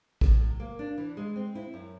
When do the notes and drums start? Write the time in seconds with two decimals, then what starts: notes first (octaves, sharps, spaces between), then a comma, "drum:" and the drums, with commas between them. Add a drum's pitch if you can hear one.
0.21 A2, drum: kick A#1
0.41 F#3
0.60 A#3
0.79 D4
0.98 E3
1.17 G#3
1.36 C4
1.55 E4
1.74 F#2